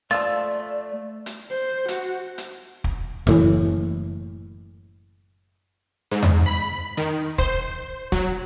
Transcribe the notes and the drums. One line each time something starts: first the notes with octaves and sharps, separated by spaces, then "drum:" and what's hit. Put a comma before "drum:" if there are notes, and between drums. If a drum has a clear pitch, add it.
F3 A3 F4 D5 E6 A6
drum: hi-hat
C5
F#4, drum: hi-hat
drum: hi-hat
drum: kick
F#1 A2 E3, drum: snare
G#2
drum: tom E2
B5
D#3
C5, drum: kick
F#3, drum: kick